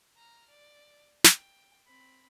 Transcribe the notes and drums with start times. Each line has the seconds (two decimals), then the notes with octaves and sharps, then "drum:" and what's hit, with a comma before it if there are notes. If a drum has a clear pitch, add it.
0.16 A#5 F6
0.49 D5
1.24 G5, drum: snare
1.86 C4 B5